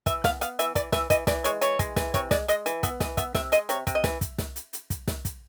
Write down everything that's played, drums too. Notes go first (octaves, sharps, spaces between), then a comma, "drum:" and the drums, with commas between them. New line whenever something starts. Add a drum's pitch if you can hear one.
E3 E5, drum: kick, hi-hat
B3 F5, drum: snare
B3 F5, drum: hi-hat
E3 E5, drum: hi-hat
E3 D5, drum: kick, hi-hat
E3 E5, drum: snare
E3 D#5, drum: kick, hi-hat
E3 D5, drum: snare
G#3 C#5, drum: hi-hat
E3 C#5, drum: hi-hat
G#3, drum: kick, hi-hat
E3, drum: snare
C3 C#5, drum: kick, hi-hat
G#3 D5, drum: snare
G#3 D#5, drum: hi-hat
E3, drum: hi-hat
B3 E5, drum: kick, hi-hat
E3 D#5, drum: snare
B3 E5, drum: kick, hi-hat
C3 E5, drum: snare
G#3 D#5, drum: hi-hat
C3 C#5, drum: hi-hat
C3, drum: kick, hi-hat
D#5
E3, drum: snare
drum: kick, hi-hat
drum: snare
drum: hi-hat
drum: hi-hat
drum: kick, hi-hat
drum: snare
drum: kick, hi-hat